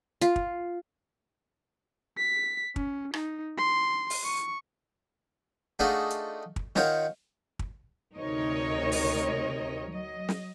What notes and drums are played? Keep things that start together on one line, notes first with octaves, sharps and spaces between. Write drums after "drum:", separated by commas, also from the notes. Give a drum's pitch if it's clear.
F4, drum: hi-hat
drum: kick
B6
C#4, drum: kick
D#4, drum: rim click
C6
drum: open hi-hat
C#6
A3 D4 D#4 F4 F#4 G#4
drum: hi-hat
drum: kick
D#3 F4 A#4 C#5 F#5 G5, drum: snare
drum: kick
D2 C3 D#4 A#4 C#5 D#5
drum: open hi-hat
F#3 D#5
drum: snare